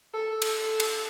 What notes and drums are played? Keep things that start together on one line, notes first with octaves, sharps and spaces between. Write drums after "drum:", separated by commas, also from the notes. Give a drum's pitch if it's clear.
A4
A4, drum: cymbal
drum: cymbal